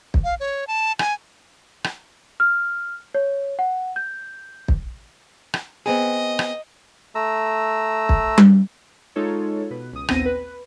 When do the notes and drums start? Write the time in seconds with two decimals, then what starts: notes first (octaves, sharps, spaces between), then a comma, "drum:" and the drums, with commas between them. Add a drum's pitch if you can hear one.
0.14 drum: kick
0.24 F5
0.40 C#5
0.68 A5
0.99 G#5, drum: rim click
1.84 drum: rim click
2.40 F6
3.15 C#5
3.59 F#5
3.96 G6
4.68 drum: kick
5.54 drum: rim click
5.86 B3 C4 G#4 D#5
6.39 drum: rim click
7.15 A3 A#5 E6
8.09 drum: kick
8.38 drum: tom G3
9.16 G#3 D#4 F4 A4 C#5
9.70 B2 B4
9.92 C#2 D#6
10.08 A#1 D#2 B3 C4 A#6 D#7, drum: rim click
10.25 B4